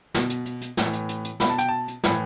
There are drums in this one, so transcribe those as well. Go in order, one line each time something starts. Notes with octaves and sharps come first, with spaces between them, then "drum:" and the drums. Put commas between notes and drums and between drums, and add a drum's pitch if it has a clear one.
B2, drum: snare
drum: hi-hat
drum: hi-hat
drum: hi-hat
A2 E3, drum: snare
drum: hi-hat
drum: hi-hat
drum: hi-hat
B2 B5, drum: snare
A5
G5, drum: hi-hat
A5
drum: hi-hat
A2 E3 B5, drum: snare